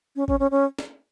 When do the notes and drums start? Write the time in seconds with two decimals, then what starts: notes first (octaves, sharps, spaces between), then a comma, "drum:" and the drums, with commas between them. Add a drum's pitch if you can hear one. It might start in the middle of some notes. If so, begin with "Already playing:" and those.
0.16 C#4
0.28 C#4, drum: kick
0.40 C#4
0.51 C#4
0.79 drum: snare